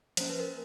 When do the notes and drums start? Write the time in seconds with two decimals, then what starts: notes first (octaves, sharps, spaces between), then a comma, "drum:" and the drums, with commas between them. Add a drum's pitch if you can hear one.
0.17 F3 A#3 C#4 C5, drum: hi-hat
0.30 B4
0.40 A#4